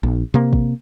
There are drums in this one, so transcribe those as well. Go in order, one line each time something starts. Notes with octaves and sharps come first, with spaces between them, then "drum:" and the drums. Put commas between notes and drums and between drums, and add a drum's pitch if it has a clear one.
A#1
C3 A#3
drum: kick